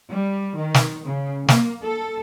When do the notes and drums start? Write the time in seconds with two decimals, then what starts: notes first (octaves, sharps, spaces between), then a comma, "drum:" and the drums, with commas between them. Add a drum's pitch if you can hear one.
0.10 G3
0.56 D#3
0.74 drum: snare
1.06 C#3
1.48 A#3, drum: snare
1.84 A4